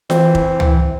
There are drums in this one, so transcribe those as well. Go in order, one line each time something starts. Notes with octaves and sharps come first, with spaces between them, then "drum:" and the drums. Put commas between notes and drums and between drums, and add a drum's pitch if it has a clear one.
E3 C4, drum: snare F4
drum: kick F1
drum: tom